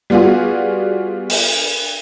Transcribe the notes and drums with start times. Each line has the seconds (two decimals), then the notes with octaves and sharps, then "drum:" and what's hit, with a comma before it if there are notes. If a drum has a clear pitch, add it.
0.10 G3 B3 F4 F#4 G#4
1.30 drum: open hi-hat